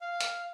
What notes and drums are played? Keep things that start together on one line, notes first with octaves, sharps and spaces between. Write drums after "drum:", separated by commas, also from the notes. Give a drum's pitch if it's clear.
F5
drum: hi-hat